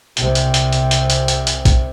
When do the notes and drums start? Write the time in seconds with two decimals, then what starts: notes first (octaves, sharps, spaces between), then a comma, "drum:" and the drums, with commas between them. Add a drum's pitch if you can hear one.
0.17 C2 C3, drum: hi-hat
0.35 drum: hi-hat
0.54 drum: hi-hat
0.73 drum: hi-hat
0.91 drum: hi-hat
1.10 drum: hi-hat
1.28 drum: hi-hat
1.47 drum: hi-hat
1.65 drum: kick B1, hi-hat